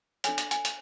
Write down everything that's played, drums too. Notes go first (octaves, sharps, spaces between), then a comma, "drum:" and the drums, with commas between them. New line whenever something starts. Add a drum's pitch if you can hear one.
D4 A4 C#5 G#5, drum: hi-hat
drum: hi-hat
G#5, drum: hi-hat
drum: hi-hat